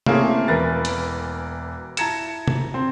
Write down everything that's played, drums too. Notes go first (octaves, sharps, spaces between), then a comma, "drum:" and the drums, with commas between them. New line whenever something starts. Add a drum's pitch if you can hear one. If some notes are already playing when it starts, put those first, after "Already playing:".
A3 A#3 C4 C#4 E4 G#4, drum: tom C3
E1 E3 A#4 B4 A6
drum: hi-hat
E4 A5 A#5 G#6 C#7 E7, drum: hi-hat
drum: tom C3
C4